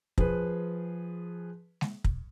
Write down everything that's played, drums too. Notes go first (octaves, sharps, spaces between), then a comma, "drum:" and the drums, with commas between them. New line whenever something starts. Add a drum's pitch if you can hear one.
F3 G#4 B4, drum: kick
drum: snare G#3
drum: kick